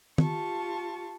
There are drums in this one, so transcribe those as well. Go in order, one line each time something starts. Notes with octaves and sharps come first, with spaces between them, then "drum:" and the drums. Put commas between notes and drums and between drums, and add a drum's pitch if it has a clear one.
F4 G4 A5 C#6, drum: tom